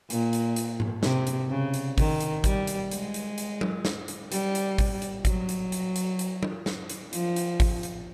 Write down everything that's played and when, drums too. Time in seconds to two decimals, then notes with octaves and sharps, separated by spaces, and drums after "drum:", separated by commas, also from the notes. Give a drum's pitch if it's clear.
0.10 A#2, drum: hi-hat
0.33 drum: hi-hat
0.56 drum: hi-hat
0.80 drum: tom G#2
1.03 C3, drum: snare
1.27 drum: hi-hat
1.50 C#3
1.74 drum: hi-hat
1.98 D#3, drum: kick G#1, open hi-hat
2.21 drum: hi-hat
2.44 G3, drum: kick G#1, hi-hat
2.67 drum: hi-hat
2.91 G#3, drum: hi-hat
3.14 drum: hi-hat
3.38 drum: hi-hat
3.61 drum: tom F#3
3.85 drum: snare
4.08 drum: hi-hat
4.32 G3, drum: hi-hat
4.55 drum: hi-hat
4.78 drum: kick G#1, open hi-hat
5.02 drum: hi-hat
5.25 F#3, drum: kick G#1, hi-hat
5.49 drum: hi-hat
5.72 drum: hi-hat
5.96 drum: hi-hat
6.19 drum: hi-hat
6.43 drum: tom F#3
6.66 drum: snare
6.89 drum: hi-hat
7.13 F3, drum: hi-hat
7.36 drum: hi-hat
7.60 drum: kick G#1, open hi-hat
7.83 drum: hi-hat